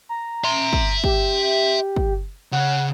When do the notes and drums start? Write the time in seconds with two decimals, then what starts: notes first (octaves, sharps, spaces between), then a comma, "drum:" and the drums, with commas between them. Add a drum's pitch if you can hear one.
0.09 A#5
0.44 E5 C6
0.73 drum: kick
1.04 G4, drum: kick
1.96 drum: kick
2.52 C#3 F#5